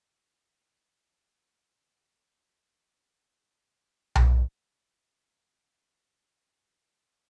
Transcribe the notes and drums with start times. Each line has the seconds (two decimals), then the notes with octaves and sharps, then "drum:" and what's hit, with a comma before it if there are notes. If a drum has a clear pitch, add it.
0.25 D2 F3 G#4 A6
0.50 B2 D#3
0.65 G2 A#2 C#3 F3 G3 G#3
1.83 F#1 E4 F4
3.10 G#5 A6
4.15 drum: tom B1
5.32 G#2
5.53 C3
5.73 C7
6.20 G2
6.37 F#5
6.61 F5
6.83 A#5
6.96 F5